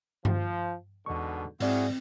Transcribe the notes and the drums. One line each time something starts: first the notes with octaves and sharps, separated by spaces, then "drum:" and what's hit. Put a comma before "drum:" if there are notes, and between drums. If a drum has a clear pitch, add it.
F3, drum: tom G2
E2 G#2 B2 D3 C#6
G#2 C4 E4 F#4 G#4 D5, drum: open hi-hat